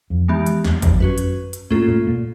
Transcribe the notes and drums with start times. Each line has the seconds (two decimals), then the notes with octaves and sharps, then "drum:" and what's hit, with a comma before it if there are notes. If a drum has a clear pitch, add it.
0.10 F2
0.28 E3 G#3 B3 D#4 G4
0.46 drum: hi-hat
0.64 E2, drum: snare
0.82 F2, drum: kick G#1, hi-hat
1.00 F#2 C#4 F#4 B4
1.18 drum: hi-hat
1.53 drum: hi-hat
1.70 A2 A#3 C#4 F4 A4
1.88 A2
2.07 A#2